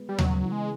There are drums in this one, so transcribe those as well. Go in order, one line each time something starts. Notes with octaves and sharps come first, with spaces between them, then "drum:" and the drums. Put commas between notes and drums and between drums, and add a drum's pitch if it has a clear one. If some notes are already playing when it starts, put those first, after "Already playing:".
Already playing: G#3 B3
G3
C#3 F#3, drum: tom D#2
F#3
E3
G#3